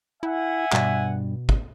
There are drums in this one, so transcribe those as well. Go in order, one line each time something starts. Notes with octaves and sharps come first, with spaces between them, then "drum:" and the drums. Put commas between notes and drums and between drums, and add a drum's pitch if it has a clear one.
E4 E5 F#5 G#5
G2 B2, drum: clap
drum: kick